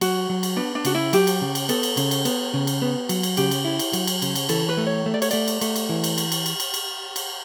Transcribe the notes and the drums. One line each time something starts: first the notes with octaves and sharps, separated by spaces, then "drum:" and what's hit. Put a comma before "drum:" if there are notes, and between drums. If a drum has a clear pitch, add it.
F#3 F#4, drum: cymbal
F#3
drum: cymbal
B3 D4
D4
C#3 F#4, drum: cymbal
E4
F#3 G4, drum: cymbal
drum: cymbal
C#3
drum: cymbal
B3 A4, drum: cymbal
drum: cymbal
C#3, drum: cymbal
drum: cymbal
B3, drum: cymbal
C#3
drum: cymbal
B3
F#3, drum: cymbal
drum: cymbal
C#3 G4, drum: cymbal
drum: cymbal
E4
drum: cymbal
F#3, drum: cymbal
drum: cymbal
C#3, drum: cymbal
drum: cymbal
E3 A4, drum: cymbal
B4
A3
C#5
A3
D5
C#5, drum: cymbal
A3 D5, drum: cymbal
drum: cymbal
A3, drum: cymbal
drum: cymbal
E3
drum: cymbal
drum: cymbal
drum: cymbal
drum: cymbal
drum: cymbal
drum: cymbal
drum: cymbal